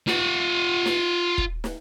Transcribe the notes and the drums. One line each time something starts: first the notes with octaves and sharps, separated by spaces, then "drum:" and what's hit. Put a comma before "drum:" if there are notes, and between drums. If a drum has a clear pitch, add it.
F4 F#5, drum: snare
drum: snare
drum: kick
drum: snare